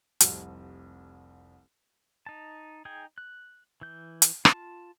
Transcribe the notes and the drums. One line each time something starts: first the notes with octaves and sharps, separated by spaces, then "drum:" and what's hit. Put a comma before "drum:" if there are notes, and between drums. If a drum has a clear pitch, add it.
F1 C2, drum: hi-hat
D#4 A5
D#4 G#4 G5 G#5
F#6
E3 G6
drum: hi-hat
F4 A5, drum: rim click